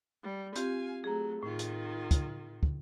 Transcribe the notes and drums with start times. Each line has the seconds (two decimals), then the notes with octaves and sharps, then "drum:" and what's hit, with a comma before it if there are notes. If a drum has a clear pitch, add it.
0.23 G3
0.56 C4 F4 G4 F5 G#5, drum: hi-hat
1.04 F#3 A3 G#4 A#5
1.43 A2 D#3 F4
1.59 drum: hi-hat
2.11 drum: kick, hi-hat
2.63 drum: kick